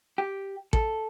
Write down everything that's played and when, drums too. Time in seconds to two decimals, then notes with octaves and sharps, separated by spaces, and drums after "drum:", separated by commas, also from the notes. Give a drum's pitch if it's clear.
0.18 G4
0.73 A4, drum: kick